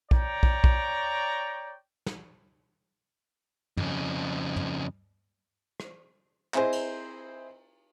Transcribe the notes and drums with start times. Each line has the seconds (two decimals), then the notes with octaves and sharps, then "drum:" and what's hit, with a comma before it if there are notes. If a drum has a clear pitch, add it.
0.11 C#5 D5 G5 A#5, drum: kick
0.43 drum: kick
0.64 drum: kick
2.06 drum: snare
3.77 F2 C#3, drum: tom
4.56 drum: tom
5.80 drum: rim click
6.54 C4 E4 G#4 C5 D#5, drum: clap
6.72 drum: cymbal